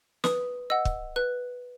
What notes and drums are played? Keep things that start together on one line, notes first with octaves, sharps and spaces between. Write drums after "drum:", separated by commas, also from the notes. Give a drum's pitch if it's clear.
B4 D#6, drum: snare
D#5 F#5 E6
drum: kick
B4 F#6